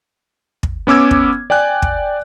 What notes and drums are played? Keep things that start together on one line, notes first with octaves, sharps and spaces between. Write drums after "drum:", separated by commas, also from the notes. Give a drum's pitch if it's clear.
drum: kick
B3 C#4 D6 E6 G#6
drum: kick
D5 G5 G#5 F#6
drum: kick